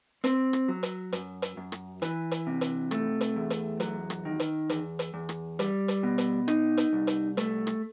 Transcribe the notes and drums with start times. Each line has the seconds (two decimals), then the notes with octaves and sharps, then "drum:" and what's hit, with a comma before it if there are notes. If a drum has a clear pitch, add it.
0.24 C4, drum: hi-hat
0.53 drum: rim click
0.69 F#3
0.83 drum: hi-hat
1.12 F#2, drum: hi-hat
1.42 drum: hi-hat
1.57 F#2
1.72 drum: rim click
2.02 E3, drum: hi-hat
2.31 drum: hi-hat
2.47 C3
2.61 drum: hi-hat
2.91 A3, drum: rim click
3.21 drum: hi-hat
3.36 E2
3.50 drum: hi-hat
3.80 F#3, drum: hi-hat
4.10 drum: rim click
4.25 D#3
4.40 drum: hi-hat
4.70 E2, drum: hi-hat
4.99 drum: hi-hat
5.14 E2
5.29 drum: rim click
5.59 G3, drum: hi-hat
5.88 drum: hi-hat
6.03 B2
6.18 drum: hi-hat
6.48 D#4, drum: rim click
6.77 drum: hi-hat
6.93 C2
7.07 drum: hi-hat
7.37 A3, drum: hi-hat
7.67 drum: rim click